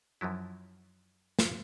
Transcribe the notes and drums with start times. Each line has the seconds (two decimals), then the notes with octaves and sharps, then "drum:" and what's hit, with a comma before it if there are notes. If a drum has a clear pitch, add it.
0.21 F#2 F3 F#3 E4
1.39 drum: snare